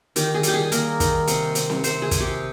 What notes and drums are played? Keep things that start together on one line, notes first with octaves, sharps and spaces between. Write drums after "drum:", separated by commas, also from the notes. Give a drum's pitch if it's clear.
D#3 G4, drum: hi-hat
G#4
G3 G4, drum: hi-hat
G#4
A#3 A#4, drum: hi-hat
D#3, drum: kick, hi-hat
C3, drum: hi-hat
C3, drum: hi-hat
drum: snare C4
C3 C5, drum: hi-hat
G#4
C3, drum: kick, hi-hat
G4